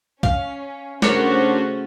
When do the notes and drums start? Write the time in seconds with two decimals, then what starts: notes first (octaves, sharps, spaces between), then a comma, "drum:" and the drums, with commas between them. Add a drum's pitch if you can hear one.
0.23 C#4 F5, drum: kick
1.02 C#3 A3 C#4 D4 F#4 A#4 C5 C#5, drum: snare